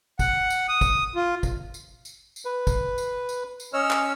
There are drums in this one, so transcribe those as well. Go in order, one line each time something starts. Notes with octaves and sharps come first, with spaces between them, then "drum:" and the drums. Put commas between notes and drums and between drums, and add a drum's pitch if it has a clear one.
F#5, drum: kick, tambourine
drum: tambourine
D#6
drum: kick, tambourine
F4
drum: kick, tambourine
drum: tambourine
drum: tambourine
drum: tambourine
B4
drum: kick, tambourine
drum: tambourine
drum: tambourine
drum: tambourine
C#4 C#5 D#5 E6 F6
drum: clap